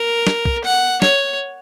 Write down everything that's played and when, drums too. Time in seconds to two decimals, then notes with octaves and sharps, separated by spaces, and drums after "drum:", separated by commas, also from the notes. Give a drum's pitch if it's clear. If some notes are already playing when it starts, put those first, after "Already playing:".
Already playing: A#4
0.27 drum: snare
0.45 drum: kick
0.64 F#5
1.02 C#5, drum: snare